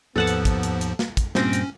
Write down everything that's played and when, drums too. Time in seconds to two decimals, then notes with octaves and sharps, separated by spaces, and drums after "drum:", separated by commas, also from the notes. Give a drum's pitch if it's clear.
0.16 D#2 G#2 F3 B3 A4 F#5 A5
0.27 drum: hi-hat
0.45 drum: kick, hi-hat
0.63 drum: hi-hat
0.81 drum: hi-hat
0.99 drum: snare
1.17 drum: kick, hi-hat
1.35 G2 A#2 C4 C#4 A#6, drum: snare
1.53 drum: hi-hat